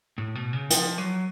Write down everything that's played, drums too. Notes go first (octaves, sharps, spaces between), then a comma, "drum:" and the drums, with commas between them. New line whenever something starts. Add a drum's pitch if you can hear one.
A2
B2
C#3
F3, drum: hi-hat
F#3